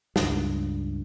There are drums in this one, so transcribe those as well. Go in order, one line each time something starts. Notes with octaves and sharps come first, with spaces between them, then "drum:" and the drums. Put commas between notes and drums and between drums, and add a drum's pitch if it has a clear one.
C#2 G2, drum: snare